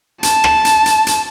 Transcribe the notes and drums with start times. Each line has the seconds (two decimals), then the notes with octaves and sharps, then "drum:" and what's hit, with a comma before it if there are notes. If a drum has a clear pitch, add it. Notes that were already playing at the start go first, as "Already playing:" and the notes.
0.23 A5, drum: hi-hat
0.44 drum: rim click
0.65 drum: hi-hat
0.86 drum: hi-hat
1.07 drum: hi-hat